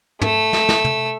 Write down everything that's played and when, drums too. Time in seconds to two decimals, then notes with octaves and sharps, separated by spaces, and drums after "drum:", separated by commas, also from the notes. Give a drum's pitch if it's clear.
0.21 A3 E6, drum: tom
0.53 drum: snare
0.69 drum: snare
0.84 drum: tom